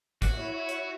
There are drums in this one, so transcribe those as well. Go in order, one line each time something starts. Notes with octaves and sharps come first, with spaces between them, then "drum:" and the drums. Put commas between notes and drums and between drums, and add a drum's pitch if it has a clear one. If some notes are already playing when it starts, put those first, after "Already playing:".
E4 F#4 C#5, drum: kick, hi-hat
drum: hi-hat